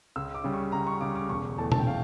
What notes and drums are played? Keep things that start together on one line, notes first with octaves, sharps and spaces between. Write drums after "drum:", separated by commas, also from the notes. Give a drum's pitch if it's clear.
C#2 E6
D6
C#3 G3
C#6
C#2 A#5
C#6
C#3 G3 D6
D6
E1 C#6
E2 E3 A3 A5
A5, drum: tom
G5
F5